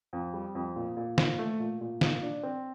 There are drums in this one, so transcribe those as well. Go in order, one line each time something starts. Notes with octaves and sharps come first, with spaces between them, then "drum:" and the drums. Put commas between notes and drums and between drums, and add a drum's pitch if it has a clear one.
F2
G3
F2
A#2
A#2
A#2, drum: snare
A3
A#2
A#2
A#2, drum: snare
D4
C4